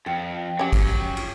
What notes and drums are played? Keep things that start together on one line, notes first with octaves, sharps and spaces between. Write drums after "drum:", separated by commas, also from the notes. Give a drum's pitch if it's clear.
F2 G5
F#3 C#4 G4
drum: kick, cymbal
drum: cymbal